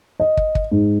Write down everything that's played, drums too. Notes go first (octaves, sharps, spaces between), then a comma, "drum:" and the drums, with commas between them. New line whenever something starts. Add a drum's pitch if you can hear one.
D#5
drum: kick
drum: kick
G#2